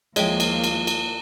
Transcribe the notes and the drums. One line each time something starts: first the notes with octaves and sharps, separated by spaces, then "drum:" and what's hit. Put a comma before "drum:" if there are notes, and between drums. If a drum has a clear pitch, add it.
D#2 F3 G#3 A#3 C#5 E5 G5, drum: cymbal
drum: cymbal
drum: cymbal
drum: cymbal